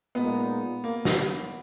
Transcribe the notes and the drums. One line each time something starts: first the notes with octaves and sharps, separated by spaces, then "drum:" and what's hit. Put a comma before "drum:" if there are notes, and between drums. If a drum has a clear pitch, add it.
A#2 G#3 B3 D#4
A#3
drum: snare